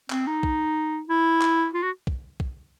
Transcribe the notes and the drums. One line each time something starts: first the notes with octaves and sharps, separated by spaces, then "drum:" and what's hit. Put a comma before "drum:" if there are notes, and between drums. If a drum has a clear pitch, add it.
C4, drum: clap
D#4
drum: kick
E4
drum: clap
F4
F#4
drum: kick
drum: kick